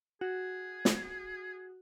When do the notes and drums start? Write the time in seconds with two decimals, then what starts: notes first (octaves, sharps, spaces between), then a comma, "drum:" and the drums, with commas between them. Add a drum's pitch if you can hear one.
0.21 F#4 G#4
0.85 drum: snare